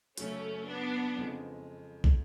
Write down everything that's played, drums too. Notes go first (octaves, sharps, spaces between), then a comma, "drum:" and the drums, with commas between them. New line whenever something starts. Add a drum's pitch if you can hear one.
F#2 C#3 F#3 A3 C#4, drum: hi-hat
B3 D4
F2 C#3 G#3
drum: kick